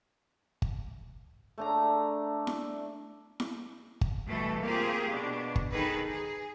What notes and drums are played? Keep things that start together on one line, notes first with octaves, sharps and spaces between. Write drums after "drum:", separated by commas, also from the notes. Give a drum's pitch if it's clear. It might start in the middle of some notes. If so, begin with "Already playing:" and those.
drum: kick G1
A3 D4 A#5
drum: snare E4
drum: snare E4
drum: kick G1
B2 E3 G3 A3 A4
A#3 C4 F4 G4 G#4
B2 D4
drum: kick G1
D#3 D#4 G#4 A4 B4
G#4